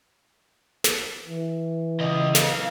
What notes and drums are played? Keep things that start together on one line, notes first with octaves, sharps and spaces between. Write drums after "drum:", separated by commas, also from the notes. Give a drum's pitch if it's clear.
drum: snare
E3
C#3 D#5
A4 F5, drum: snare